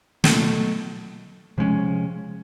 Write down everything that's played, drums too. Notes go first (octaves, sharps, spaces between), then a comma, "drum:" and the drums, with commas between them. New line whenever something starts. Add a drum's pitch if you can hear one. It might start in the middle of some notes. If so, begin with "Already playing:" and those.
B2 F#3 A3, drum: snare
C3 F3 G#3 C#4